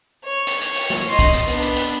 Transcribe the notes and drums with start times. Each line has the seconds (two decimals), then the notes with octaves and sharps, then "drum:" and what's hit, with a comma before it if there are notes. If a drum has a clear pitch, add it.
0.24 C#5
0.47 drum: hi-hat
0.61 drum: hi-hat
0.76 drum: open hi-hat
0.90 drum: snare
1.08 D#5 C6
1.19 drum: kick, hi-hat
1.33 drum: hi-hat
1.48 B3 D4, drum: hi-hat
1.62 drum: hi-hat
1.76 drum: hi-hat